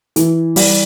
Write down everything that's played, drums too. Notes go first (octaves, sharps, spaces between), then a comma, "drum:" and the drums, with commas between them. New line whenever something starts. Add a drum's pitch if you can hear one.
E3, drum: hi-hat
G3, drum: open hi-hat